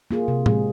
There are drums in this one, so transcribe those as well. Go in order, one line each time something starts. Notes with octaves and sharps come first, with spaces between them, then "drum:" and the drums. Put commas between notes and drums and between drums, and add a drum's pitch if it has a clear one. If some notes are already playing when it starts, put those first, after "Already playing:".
A#3 F4 G#4
C3
G#3 C4 G#4, drum: tom A2